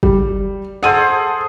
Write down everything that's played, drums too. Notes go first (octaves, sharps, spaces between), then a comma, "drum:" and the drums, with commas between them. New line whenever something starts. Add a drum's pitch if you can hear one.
G3, drum: kick
G#4 A4 C5 F#5 D#7